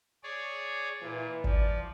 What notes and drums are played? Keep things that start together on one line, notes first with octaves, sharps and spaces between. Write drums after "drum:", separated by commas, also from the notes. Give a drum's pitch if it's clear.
G#4 C#5 D5
A#2 E3
F3 D5, drum: kick G1